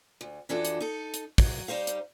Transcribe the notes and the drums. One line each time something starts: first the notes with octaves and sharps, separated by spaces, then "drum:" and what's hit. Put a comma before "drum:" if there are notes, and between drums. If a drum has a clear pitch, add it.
D2
F2 E3 F3 D4 F#4 A4
drum: hi-hat
D#4 A4
drum: hi-hat
F#3, drum: kick, open hi-hat
G3 D#4 C5 F5
drum: hi-hat